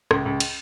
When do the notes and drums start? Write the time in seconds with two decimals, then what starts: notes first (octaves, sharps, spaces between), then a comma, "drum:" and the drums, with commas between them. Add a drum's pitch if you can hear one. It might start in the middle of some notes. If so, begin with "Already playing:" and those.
0.11 C#2, drum: rim click
0.25 C#2
0.40 drum: cymbal